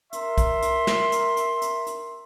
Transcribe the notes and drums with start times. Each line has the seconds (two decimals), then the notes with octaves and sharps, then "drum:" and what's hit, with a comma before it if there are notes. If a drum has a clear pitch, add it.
0.13 A#4 E5 C6, drum: hi-hat
0.38 drum: kick, hi-hat
0.62 drum: hi-hat
0.87 drum: snare
1.12 drum: hi-hat
1.37 drum: hi-hat
1.62 drum: hi-hat
1.86 drum: hi-hat